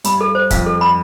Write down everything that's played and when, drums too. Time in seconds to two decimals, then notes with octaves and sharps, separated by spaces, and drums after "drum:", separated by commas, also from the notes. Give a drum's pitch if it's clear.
0.04 G2 B5, drum: hi-hat
0.21 A4
0.35 C5
0.51 F2 F5, drum: kick, hi-hat
0.66 A4
0.81 B5